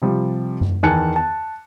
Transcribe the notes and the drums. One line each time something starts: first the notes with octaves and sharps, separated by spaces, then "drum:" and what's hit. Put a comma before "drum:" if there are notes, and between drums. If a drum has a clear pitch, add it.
C3 F3 G3
drum: tom F#2
E2 D#3 G#5 A5 F#6 C#7
A5